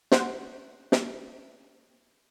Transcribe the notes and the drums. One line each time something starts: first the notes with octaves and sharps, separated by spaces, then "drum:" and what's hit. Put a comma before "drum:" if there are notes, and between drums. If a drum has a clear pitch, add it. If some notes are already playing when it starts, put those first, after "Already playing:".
C5 F#5, drum: snare
drum: snare